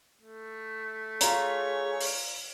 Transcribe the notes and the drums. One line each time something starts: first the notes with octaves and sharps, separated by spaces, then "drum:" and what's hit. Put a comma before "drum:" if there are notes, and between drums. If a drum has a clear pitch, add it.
A3
F4 G#4 C#5 A#5, drum: hi-hat
drum: open hi-hat